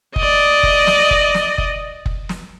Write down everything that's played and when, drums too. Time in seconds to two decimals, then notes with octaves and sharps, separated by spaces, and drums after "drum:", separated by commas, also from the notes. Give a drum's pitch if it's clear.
0.16 D5 D#5, drum: kick F#1
0.63 drum: kick F#1
0.87 drum: snare
1.11 drum: kick F#1
1.34 drum: snare
1.58 drum: kick F#1
2.06 drum: kick F#1
2.29 drum: snare